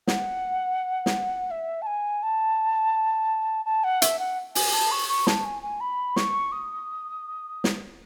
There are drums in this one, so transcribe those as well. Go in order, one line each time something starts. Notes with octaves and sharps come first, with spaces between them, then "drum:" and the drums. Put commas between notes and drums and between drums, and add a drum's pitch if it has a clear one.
F#5, drum: snare
drum: snare
E5
A5
G#5
A5
A5
F#5
E5, drum: hi-hat
F#5
G#5, drum: open hi-hat
A5
C#6
C#6
A5, drum: snare
G#5
G#5
B5
C#6, drum: snare
D#6
drum: snare